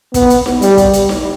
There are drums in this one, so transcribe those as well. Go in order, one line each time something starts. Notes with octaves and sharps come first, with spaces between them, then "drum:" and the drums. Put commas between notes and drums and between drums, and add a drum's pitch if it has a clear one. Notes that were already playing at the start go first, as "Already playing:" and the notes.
B3, drum: kick, hi-hat
drum: hi-hat
drum: snare D#4
G3, drum: hi-hat
drum: kick, hi-hat
drum: hi-hat
drum: snare D#4